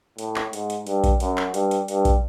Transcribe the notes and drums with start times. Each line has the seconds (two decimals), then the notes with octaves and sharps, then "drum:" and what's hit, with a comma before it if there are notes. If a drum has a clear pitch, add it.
0.18 A2, drum: hi-hat
0.36 drum: clap
0.53 G#2, drum: hi-hat
0.70 drum: hi-hat
0.87 G2, drum: hi-hat
1.04 drum: kick A#1, hi-hat
1.20 F#2, drum: hi-hat
1.37 drum: clap
1.54 G2, drum: hi-hat
1.71 drum: hi-hat
1.88 G2, drum: hi-hat
2.05 drum: kick A#1, hi-hat